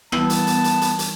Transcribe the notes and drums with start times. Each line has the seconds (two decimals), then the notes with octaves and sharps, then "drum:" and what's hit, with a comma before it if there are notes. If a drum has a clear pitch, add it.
0.12 E3 G3 B3 E4 A5, drum: rim click
0.30 drum: hi-hat
0.47 drum: hi-hat
0.64 drum: hi-hat
0.81 drum: hi-hat
0.99 drum: hi-hat